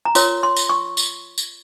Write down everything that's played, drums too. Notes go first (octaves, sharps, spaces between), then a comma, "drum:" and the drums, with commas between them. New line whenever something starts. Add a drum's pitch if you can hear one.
A#5
F4 A#4 C#5 C6, drum: tambourine
C6
drum: tambourine
C#6
drum: tambourine
drum: tambourine